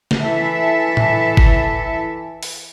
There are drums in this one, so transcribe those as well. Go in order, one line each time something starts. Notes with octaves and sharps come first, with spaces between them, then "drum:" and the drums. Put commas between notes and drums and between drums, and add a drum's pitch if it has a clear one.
drum: snare
E3 A4 E5
drum: tom A2
drum: kick G1
drum: open hi-hat